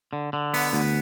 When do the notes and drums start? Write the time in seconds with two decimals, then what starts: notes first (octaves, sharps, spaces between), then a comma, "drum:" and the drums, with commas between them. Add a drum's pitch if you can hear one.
0.13 D3
0.33 D3
0.54 B3, drum: open hi-hat
0.73 D2